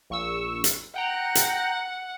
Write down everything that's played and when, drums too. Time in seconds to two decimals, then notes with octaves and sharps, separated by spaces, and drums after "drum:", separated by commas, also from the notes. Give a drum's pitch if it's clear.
0.10 A#1 C#6 E6
0.64 drum: hi-hat
0.96 F#5 G5 A#5
1.35 drum: hi-hat